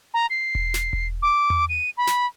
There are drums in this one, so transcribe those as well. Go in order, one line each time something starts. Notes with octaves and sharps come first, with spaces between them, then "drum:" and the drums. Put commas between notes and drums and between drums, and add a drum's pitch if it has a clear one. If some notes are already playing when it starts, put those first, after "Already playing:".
A#5
C7
drum: kick E1
drum: snare
drum: kick E1
D6
drum: tom E2
D#7
B5
drum: snare